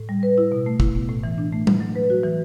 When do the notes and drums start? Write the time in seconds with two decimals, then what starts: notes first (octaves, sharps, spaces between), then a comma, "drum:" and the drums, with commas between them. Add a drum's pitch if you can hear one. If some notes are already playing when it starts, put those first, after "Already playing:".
Already playing: A2
0.09 G3
0.23 B4
0.38 E4
0.52 B2
0.66 A3
0.80 E4, drum: kick
0.95 B3
1.09 A2
1.24 E3
1.38 D4
1.52 A3
1.67 A2, drum: tom G3
1.80 F#3
1.95 B4
2.10 F#4
2.24 E3